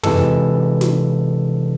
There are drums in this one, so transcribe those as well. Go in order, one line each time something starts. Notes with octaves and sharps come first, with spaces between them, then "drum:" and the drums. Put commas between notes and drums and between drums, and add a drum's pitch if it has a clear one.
C3 E3 G#3 A4, drum: tom
drum: snare